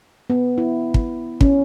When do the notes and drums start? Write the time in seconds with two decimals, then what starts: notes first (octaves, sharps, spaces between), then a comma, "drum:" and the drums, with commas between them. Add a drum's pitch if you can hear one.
0.30 B3
0.58 E4
0.94 drum: kick
1.41 C#4, drum: kick